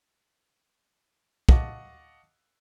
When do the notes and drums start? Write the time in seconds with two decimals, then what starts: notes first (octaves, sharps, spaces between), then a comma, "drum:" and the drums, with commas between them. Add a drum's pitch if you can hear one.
1.49 D#5 F5 F#5 A5 C#6 D6, drum: kick